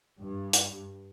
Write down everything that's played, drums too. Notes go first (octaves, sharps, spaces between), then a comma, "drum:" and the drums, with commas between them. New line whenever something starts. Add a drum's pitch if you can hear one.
G2
drum: hi-hat